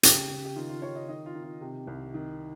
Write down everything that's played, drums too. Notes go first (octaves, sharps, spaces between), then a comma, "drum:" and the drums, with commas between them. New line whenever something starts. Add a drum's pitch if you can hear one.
C#3 G4, drum: hi-hat
C#3
G4
D#3 F4
F4
D#3 C#5
D#5
D#3 D#5
F4
D#3
F4
C3 G4
C2
D#3